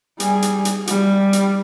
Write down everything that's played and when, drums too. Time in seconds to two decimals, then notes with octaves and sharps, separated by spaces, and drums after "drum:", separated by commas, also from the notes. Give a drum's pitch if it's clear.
0.20 G3 G#4, drum: hi-hat
0.42 drum: hi-hat
0.65 drum: hi-hat
0.87 G3, drum: hi-hat
1.33 drum: hi-hat